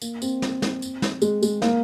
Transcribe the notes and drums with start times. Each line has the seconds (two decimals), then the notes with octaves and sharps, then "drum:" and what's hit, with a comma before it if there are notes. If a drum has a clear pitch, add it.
0.02 A#3, drum: tambourine
0.22 C4, drum: tambourine
0.42 drum: snare
0.62 drum: snare
0.82 drum: tambourine
1.02 drum: snare
1.22 G#3, drum: tambourine
1.43 G#3, drum: tambourine
1.62 A#3, drum: snare